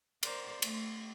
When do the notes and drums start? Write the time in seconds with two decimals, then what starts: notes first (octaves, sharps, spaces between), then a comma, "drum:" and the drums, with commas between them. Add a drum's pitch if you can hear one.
0.23 A#4 C5 D5, drum: cymbal
0.62 A3, drum: cymbal